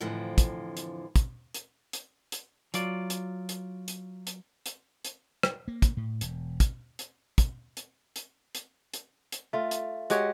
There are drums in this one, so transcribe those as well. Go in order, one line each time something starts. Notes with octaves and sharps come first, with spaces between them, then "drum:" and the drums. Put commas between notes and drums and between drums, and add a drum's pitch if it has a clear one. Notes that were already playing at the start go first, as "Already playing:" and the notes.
F2 A2 D3 E3 F3
drum: kick, hi-hat
drum: hi-hat
drum: kick, hi-hat
drum: hi-hat
drum: hi-hat
drum: hi-hat
F#3 F4 D5, drum: hi-hat
drum: hi-hat
drum: hi-hat
drum: hi-hat
drum: hi-hat
drum: hi-hat
drum: hi-hat
drum: rim click
A#3
drum: kick, hi-hat
A2
E1, drum: hi-hat
drum: kick, hi-hat
drum: hi-hat
drum: kick, hi-hat
drum: hi-hat
drum: hi-hat
drum: hi-hat
drum: hi-hat
drum: hi-hat
A3 F4
drum: hi-hat
G#3 F#4 G4 C#5, drum: hi-hat